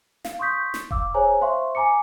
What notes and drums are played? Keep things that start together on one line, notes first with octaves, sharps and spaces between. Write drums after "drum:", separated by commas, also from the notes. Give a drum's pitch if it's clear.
F5, drum: snare
C6 C#6 D#6 G6 B6
drum: snare
F5 D6 E6, drum: kick E1
G#4 C5 C#5 G#5 A#5
C5 E5 F5 C6 C#6
G#5 A#5 D6 C#7